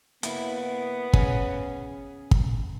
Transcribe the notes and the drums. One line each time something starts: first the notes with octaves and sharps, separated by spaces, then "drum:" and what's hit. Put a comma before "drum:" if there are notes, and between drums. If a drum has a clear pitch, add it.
A#3 B3 E4, drum: hi-hat
C#4 G#4, drum: kick
drum: kick